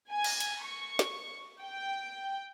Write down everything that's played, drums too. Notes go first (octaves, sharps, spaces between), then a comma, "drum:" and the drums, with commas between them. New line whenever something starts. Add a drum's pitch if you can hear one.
G#5
drum: cymbal
drum: hi-hat
C#6
drum: snare
G5